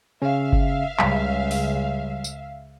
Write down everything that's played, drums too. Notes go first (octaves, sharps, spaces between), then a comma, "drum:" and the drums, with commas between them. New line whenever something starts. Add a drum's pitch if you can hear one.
C#3 C#4 E5 F5
drum: kick G1
C#2 C#3 G3 B6, drum: clap
drum: open hi-hat
drum: tambourine